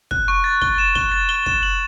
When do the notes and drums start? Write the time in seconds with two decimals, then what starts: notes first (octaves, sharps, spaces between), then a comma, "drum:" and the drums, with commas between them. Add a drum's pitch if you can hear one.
0.11 F#6, drum: kick
0.28 C#6
0.44 A6
0.62 G7, drum: kick
0.78 E7
0.95 G7, drum: kick
1.12 A6
1.29 G7
1.46 E7, drum: kick
1.63 F#7